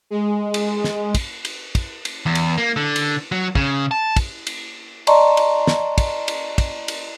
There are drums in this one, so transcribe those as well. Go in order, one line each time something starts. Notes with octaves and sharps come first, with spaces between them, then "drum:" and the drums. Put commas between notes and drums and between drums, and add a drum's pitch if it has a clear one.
G#3
drum: cymbal
drum: snare
drum: kick, cymbal
drum: cymbal
drum: kick, cymbal
drum: cymbal
E2
drum: cymbal
A#3
D3
drum: cymbal
F#3
C#3, drum: kick
A5
drum: kick, cymbal
drum: cymbal
D5 D#5 A5 A#5 C6 C#6, drum: cymbal
drum: cymbal
drum: snare
drum: kick, cymbal
drum: cymbal
drum: kick, cymbal
drum: cymbal